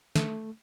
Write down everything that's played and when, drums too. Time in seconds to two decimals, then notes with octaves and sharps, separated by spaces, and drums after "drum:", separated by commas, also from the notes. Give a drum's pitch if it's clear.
0.16 A3, drum: snare